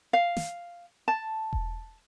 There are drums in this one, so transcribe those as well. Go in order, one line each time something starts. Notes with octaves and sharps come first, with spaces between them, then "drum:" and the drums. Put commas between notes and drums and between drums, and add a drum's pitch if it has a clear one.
F5
drum: snare
A5
drum: kick E1